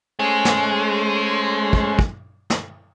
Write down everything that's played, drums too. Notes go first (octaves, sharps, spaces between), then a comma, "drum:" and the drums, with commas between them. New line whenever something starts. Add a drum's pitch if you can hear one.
G#3 A3 C#4 C5
drum: snare
drum: kick
drum: kick
drum: snare